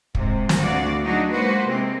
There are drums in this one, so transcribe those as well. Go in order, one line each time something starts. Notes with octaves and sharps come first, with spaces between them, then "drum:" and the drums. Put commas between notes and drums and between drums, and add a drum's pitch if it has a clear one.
G#2 C3, drum: kick
drum: snare
D2 F#4 D5 F5
F#3 G#3 D4 D#4 F#4
G#3 A#3 F#4 B4 C5
C3 G#3 A#3 C4